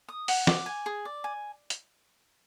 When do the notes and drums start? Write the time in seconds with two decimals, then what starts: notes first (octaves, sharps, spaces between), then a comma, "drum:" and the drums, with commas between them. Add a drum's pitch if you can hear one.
0.09 D#6
0.28 F#5, drum: open hi-hat
0.47 D6, drum: snare
0.66 G#5
0.86 G#4
1.05 D5
1.24 G#5
1.70 drum: hi-hat